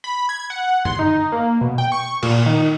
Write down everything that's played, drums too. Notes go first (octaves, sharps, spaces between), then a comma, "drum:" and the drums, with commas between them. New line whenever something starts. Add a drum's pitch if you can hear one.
B5
G#6
F#5
C6, drum: tom
D#4
A#3
B2
G5
C#6
A#2, drum: cymbal
D#3